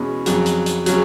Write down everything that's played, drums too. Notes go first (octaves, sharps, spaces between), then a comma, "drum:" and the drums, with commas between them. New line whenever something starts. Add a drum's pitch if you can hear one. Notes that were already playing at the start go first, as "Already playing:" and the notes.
Already playing: E2 B2 G#3 C#4
F2 C#3 F#3, drum: hi-hat
drum: hi-hat
drum: hi-hat
C#3 F#3, drum: hi-hat